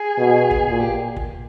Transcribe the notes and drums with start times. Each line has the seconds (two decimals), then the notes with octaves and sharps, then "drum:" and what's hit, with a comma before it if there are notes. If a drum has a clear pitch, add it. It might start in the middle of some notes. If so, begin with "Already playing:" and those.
Already playing: G#4
0.18 B2
0.51 drum: kick
0.67 A#2 G#4
0.80 G4
1.16 drum: kick